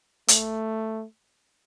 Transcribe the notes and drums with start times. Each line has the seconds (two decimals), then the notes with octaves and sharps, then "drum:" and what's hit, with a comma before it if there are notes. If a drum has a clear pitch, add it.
0.28 A3, drum: hi-hat